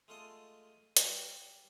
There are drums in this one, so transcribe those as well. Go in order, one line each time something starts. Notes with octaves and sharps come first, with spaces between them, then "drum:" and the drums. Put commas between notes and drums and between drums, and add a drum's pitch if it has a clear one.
G#3 A3 F4 A4 D#5
G3, drum: hi-hat